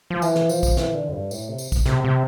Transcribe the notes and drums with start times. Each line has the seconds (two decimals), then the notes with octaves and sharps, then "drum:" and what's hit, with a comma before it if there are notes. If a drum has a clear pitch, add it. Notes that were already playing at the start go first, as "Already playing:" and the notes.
0.10 F3
0.22 E3, drum: tambourine
0.36 drum: snare
0.49 F3, drum: tambourine
0.63 drum: kick, tambourine
0.77 E3, drum: snare
0.95 D3
1.09 F2
1.13 G2
1.31 A2, drum: tambourine
1.49 C3
1.58 drum: tambourine
1.72 drum: kick, tambourine
1.86 C3, drum: snare
2.04 C3